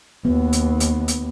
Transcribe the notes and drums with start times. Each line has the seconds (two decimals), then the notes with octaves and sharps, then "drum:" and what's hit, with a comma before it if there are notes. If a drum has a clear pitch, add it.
0.25 D#2 B3
0.53 drum: hi-hat
0.80 drum: hi-hat
1.08 drum: hi-hat